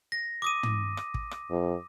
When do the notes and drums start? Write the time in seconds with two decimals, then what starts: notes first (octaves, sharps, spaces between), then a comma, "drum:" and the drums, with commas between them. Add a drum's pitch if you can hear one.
0.12 A#6
0.42 D6 D#6 D#7
0.63 drum: tom
0.97 drum: rim click
1.14 drum: kick
1.31 drum: rim click
1.51 F2